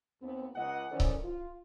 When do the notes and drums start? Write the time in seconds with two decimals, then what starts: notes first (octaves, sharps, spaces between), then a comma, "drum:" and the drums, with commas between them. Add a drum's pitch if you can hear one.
0.21 D#2 B3 C4
0.55 C#2 D#5 F#5
0.91 D#3 E3 C#4 A4 C5 D5
1.00 drum: kick C#1
1.23 F4